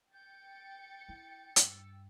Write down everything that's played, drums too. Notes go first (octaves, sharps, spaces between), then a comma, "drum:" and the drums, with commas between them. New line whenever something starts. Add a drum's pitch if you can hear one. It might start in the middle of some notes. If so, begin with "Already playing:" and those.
G5 G6 A6 C#7
E4
G2 E6, drum: hi-hat